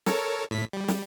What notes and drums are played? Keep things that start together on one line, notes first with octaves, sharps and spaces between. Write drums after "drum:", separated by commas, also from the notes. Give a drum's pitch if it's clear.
A4 A#4 C#5, drum: snare
A2 B6
G3
drum: snare